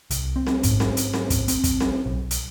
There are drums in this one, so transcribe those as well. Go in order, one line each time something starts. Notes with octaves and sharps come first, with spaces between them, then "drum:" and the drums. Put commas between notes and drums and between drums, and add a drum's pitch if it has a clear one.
C2, drum: hi-hat
C4
drum: snare C4
G#2, drum: kick, hi-hat
drum: snare C4
drum: hi-hat
drum: snare C4
drum: kick, hi-hat
C4, drum: hi-hat
drum: kick, hi-hat
drum: snare C4
B1
drum: hi-hat